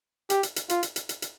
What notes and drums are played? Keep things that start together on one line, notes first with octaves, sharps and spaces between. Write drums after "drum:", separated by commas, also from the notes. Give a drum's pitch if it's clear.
G4, drum: hi-hat
drum: hi-hat
drum: hi-hat
F4, drum: hi-hat
drum: hi-hat
drum: hi-hat
drum: hi-hat
drum: hi-hat